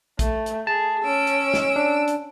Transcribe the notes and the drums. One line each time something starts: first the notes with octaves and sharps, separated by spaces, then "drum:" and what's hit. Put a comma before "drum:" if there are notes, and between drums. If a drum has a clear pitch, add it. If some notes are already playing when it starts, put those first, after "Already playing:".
A3, drum: kick, hi-hat
drum: hi-hat
G#4 A5
C#4 E6 D7
drum: hi-hat
drum: snare
D4
drum: hi-hat